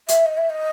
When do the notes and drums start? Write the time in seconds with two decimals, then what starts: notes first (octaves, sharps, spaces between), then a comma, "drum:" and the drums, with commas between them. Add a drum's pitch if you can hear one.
0.08 E5, drum: hi-hat
0.26 D#5
0.38 E5
0.50 D#5